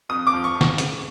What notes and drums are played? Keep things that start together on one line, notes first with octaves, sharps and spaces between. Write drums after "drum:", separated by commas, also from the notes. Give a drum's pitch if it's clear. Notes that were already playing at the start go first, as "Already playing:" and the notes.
F2 D#6
D6
F3
C#6
F2
C#6, drum: snare
C#3, drum: hi-hat